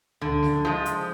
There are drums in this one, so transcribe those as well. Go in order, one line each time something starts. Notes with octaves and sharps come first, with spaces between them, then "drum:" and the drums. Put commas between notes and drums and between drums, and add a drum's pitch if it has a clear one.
D3, drum: tom C#2
drum: snare
F3 G#3
drum: hi-hat